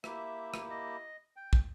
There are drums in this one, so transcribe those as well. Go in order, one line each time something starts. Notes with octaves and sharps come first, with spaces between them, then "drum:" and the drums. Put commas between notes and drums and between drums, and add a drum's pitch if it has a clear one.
A#3 E4 G4 E5, drum: rim click
drum: rim click
D#5
G5
drum: kick